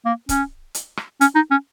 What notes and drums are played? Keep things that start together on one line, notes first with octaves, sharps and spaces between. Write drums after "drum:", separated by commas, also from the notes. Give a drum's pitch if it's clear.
A#3
C#4, drum: kick C#1, hi-hat
drum: hi-hat
drum: rim click
C#4, drum: hi-hat
D#4
C#4